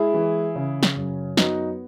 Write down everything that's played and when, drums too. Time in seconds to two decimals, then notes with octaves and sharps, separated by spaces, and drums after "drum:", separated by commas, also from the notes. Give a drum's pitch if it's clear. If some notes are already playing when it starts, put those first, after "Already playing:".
Already playing: G#3 E4 G#4
0.14 E3
0.55 C#3
0.83 drum: snare
0.96 F#2
1.37 B3 D#4 F#4, drum: snare